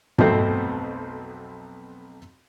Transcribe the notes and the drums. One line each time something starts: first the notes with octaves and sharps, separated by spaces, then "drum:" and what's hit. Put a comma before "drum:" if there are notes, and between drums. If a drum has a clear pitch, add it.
B1 F2 B2 A3 C4 C5, drum: tom